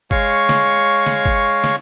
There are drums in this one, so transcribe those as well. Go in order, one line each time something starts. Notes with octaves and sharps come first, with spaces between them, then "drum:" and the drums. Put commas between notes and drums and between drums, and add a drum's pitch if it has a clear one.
G#3 C#5 F5 C#6, drum: kick G1
drum: snare
drum: snare
drum: kick G1
drum: snare